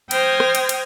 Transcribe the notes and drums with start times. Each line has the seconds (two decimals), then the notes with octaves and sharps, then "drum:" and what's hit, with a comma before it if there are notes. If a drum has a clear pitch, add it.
0.11 C5 G5 D#6 F6 G#6 A#6, drum: cymbal
0.40 drum: rim click
0.55 drum: cymbal
0.69 drum: cymbal